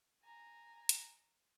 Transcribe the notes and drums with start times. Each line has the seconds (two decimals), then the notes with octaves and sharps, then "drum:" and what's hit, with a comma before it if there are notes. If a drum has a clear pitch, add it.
0.22 G#5 A#5
0.89 drum: hi-hat